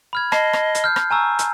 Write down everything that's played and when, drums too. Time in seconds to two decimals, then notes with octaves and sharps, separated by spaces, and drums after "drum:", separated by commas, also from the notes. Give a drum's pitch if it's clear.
0.13 B5 F6 G#6
0.32 D#5 A5 C7, drum: rim click
0.53 drum: rim click
0.75 drum: hi-hat
0.84 F6 G6
0.96 drum: rim click
1.11 G#5 A#5 C#6 E6
1.39 drum: hi-hat